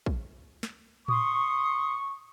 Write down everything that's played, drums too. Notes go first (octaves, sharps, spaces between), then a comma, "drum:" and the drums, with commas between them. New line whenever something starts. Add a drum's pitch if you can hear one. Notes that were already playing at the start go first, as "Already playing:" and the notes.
drum: kick
drum: snare
C6 C#6 D#6, drum: tom A2